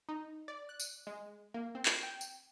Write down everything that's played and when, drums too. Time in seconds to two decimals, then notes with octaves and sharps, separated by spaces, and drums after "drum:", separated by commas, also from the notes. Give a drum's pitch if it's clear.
0.09 D#4
0.48 D5
0.69 F#6
0.80 drum: tambourine
1.07 G#3
1.54 A#3
1.75 C4
1.86 drum: clap
2.03 G5
2.21 drum: tambourine